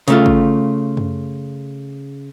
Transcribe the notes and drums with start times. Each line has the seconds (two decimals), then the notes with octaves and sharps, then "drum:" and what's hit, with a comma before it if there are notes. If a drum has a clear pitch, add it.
0.08 C#3 A3 F4, drum: hi-hat
0.26 drum: kick
0.97 drum: tom F#2